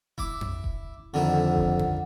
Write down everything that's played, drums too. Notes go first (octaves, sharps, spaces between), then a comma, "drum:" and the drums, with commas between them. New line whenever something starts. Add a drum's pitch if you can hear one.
E4 D6, drum: kick E1
drum: tom F2
drum: kick E1
F2 D3 D#3 E4 F#5
drum: kick E1
drum: tom F2